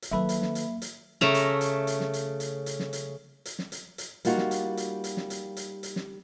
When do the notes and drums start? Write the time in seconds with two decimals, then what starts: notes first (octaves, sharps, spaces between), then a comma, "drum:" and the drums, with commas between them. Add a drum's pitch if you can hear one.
0.02 drum: hi-hat
0.11 D#3 F#3 A#3 A4 B4 E5 B5
0.29 drum: hi-hat
0.42 drum: snare
0.55 drum: hi-hat
0.82 drum: hi-hat
1.21 C#3 A3 E5 A#5, drum: snare
1.34 drum: hi-hat
1.61 drum: hi-hat
1.87 drum: hi-hat
2.00 drum: snare
2.14 drum: hi-hat
2.40 drum: hi-hat
2.66 drum: hi-hat
2.79 drum: snare
2.93 drum: hi-hat
3.45 drum: hi-hat
3.59 drum: snare
3.72 drum: hi-hat
3.98 drum: hi-hat
4.25 G3 A#3 D#4 F4 F#4, drum: hi-hat
4.38 drum: snare
4.51 drum: hi-hat
4.77 drum: hi-hat
5.04 drum: hi-hat
5.17 drum: snare
5.30 drum: hi-hat
5.57 drum: hi-hat
5.83 drum: hi-hat
5.96 drum: snare